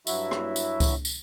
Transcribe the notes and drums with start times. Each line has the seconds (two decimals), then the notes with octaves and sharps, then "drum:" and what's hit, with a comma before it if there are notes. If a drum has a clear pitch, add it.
0.07 G2 F#3 E4 F#4 E5, drum: tambourine
0.31 drum: rim click
0.56 drum: tambourine
0.80 drum: kick C#2, tambourine
1.05 drum: tambourine